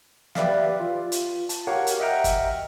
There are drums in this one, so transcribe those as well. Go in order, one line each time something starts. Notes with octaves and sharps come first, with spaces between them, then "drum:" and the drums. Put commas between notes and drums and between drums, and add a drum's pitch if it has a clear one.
G4 B4 D5 E5 F5, drum: snare
F4
drum: hi-hat
A5, drum: hi-hat
F#4 G4 A#4 C#5 F5 F#5
drum: hi-hat
D#5 E5 F#5 G5 A#5 F6
drum: kick, hi-hat